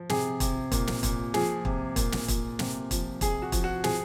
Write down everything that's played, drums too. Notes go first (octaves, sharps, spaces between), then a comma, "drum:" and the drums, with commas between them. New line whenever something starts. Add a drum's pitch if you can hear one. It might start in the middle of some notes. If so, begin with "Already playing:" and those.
Already playing: F3
C3 G#4, drum: snare
C3, drum: kick, hi-hat
A#2, drum: kick, hi-hat
drum: snare
A#2, drum: kick, hi-hat
F3 G#4, drum: snare
C3, drum: kick
A#2, drum: kick, hi-hat
drum: snare
A#2, drum: kick, hi-hat
C3, drum: snare
F3, drum: kick, hi-hat
C3 G#4, drum: kick, hi-hat
F#4
F3, drum: kick, hi-hat
F#4
F3 G#4, drum: snare